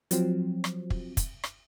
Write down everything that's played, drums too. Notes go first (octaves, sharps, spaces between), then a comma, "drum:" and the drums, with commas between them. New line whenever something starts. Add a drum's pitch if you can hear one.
F3 F#3 C4, drum: hi-hat
drum: rim click
drum: kick
drum: kick, hi-hat
drum: rim click